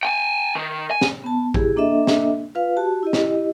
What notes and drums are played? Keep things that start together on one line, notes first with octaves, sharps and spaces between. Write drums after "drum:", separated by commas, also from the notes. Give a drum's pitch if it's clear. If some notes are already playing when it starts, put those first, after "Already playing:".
G5 G#5
D#3
G#5
drum: snare
B3 A5
E4 G4 G#4, drum: kick A1
A#3 D4 A4 D#5 E5
drum: snare
F4 B4 F5
F#4 G4 A5
E4 G4 D#5
drum: snare